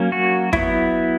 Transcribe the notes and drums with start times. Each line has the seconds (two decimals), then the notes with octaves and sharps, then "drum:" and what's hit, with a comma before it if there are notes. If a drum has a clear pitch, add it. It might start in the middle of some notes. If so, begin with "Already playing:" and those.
Already playing: F#3 A#3 C#4
0.12 F#4
0.53 F#3 B3 E4, drum: kick